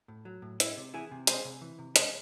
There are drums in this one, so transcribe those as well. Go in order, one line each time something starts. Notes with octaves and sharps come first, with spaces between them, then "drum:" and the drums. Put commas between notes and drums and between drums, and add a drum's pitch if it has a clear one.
A2
F#3
A2
G#3 E4, drum: hi-hat
C3
E3 E4 G#4
C3
G#3 G#4 C5, drum: hi-hat
C3
E3
C3
G#3 G#4 C5, drum: hi-hat